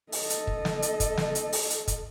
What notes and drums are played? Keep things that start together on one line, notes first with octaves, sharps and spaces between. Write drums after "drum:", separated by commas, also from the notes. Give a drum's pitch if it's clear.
A4 D#5, drum: open hi-hat
drum: hi-hat
drum: kick
drum: snare
drum: hi-hat
drum: kick, hi-hat
drum: snare
drum: hi-hat
drum: open hi-hat
drum: hi-hat
drum: kick, hi-hat